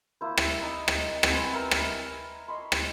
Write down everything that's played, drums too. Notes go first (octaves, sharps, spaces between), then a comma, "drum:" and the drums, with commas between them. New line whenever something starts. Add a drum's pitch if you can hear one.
A#3 E4 C5
drum: rim click
D#4
drum: rim click
B3 C4 G#5, drum: rim click
E4 A#4 B4
drum: rim click
C#5 D#5 B5 C6
drum: rim click